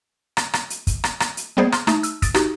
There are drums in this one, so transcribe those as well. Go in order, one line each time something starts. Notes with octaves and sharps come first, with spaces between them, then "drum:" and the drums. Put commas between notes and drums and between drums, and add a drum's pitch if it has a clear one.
drum: rim click
drum: rim click
drum: hi-hat
drum: kick, hi-hat
drum: rim click
drum: rim click
drum: hi-hat
G3 A#3 B3 G#4 C5 D5
C6 F6, drum: rim click
A3 D#4, drum: rim click
E6, drum: hi-hat
D#6 A6 D7, drum: kick, hi-hat
D#4 F#4 G4, drum: rim click